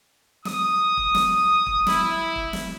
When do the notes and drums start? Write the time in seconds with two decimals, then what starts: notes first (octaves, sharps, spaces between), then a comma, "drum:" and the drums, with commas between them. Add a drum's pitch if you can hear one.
0.45 D#6, drum: snare
0.97 drum: kick
1.15 drum: snare
1.66 drum: kick
1.87 E4, drum: snare
2.36 drum: kick
2.53 drum: snare